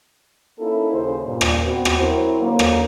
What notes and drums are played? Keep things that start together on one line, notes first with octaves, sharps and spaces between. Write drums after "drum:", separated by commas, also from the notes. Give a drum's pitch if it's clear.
A#3 C#4 D#4 E4 A4
D#2 C#3 C5
G2 A#2
drum: rim click
B3 C4 F#4
drum: rim click
F#3 C4 E4 A#4 C5
D3 F#3 A#3
drum: rim click